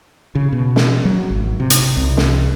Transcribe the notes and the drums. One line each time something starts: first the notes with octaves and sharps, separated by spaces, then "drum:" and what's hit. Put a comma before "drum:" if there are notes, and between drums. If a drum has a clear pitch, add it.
C#3
B2
drum: snare
F#3
G#1
C3
drum: hi-hat
C2
drum: snare